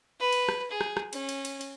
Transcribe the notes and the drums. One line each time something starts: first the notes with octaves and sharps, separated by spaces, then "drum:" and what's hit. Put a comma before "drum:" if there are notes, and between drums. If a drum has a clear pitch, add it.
B4
drum: cymbal
drum: rim click
G#4
drum: rim click
drum: rim click
C#4, drum: cymbal
drum: cymbal
drum: cymbal
drum: cymbal